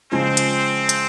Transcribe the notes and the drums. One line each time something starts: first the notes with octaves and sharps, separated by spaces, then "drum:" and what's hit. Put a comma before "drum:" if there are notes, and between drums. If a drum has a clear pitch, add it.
C#3 F3 G#3 C4
drum: hi-hat
drum: hi-hat